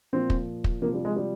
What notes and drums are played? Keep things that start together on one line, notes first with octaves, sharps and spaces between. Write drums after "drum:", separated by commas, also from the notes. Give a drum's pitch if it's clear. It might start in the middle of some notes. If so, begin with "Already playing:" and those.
A#2 F3 C4
drum: kick
drum: kick
C3 F3 A#3
G3
G#3
G3